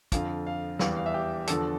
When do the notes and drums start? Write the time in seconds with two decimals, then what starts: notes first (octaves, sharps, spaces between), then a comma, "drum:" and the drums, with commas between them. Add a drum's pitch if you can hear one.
0.12 F2 D3 F3 F5, drum: kick, hi-hat
0.47 F5
0.79 E2 E3 G3 F5, drum: snare
0.97 F5
1.06 E5
1.14 G4
1.47 E2 D3 F3 A4, drum: hi-hat